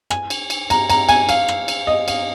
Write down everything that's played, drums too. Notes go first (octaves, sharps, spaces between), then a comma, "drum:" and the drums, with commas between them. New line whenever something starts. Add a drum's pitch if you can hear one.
G#5, drum: rim click
drum: cymbal
drum: cymbal
A#5, drum: cymbal
A#5, drum: cymbal
G#5, drum: cymbal
F5, drum: cymbal
drum: rim click
drum: cymbal
D#5
F5, drum: cymbal